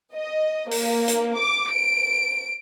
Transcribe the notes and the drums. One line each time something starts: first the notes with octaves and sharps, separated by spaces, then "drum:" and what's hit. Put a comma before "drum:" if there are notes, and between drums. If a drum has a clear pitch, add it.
D#5
A#3, drum: open hi-hat
drum: hi-hat
D6
D7